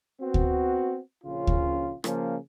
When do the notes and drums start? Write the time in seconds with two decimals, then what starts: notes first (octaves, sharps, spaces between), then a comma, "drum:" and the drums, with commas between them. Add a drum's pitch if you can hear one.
0.20 B3 C4 F#4
0.34 drum: kick D2
1.23 A#1 C#3 C#4 F4
1.47 drum: kick D2
2.04 C#3 F3 A#3 C#4, drum: rim click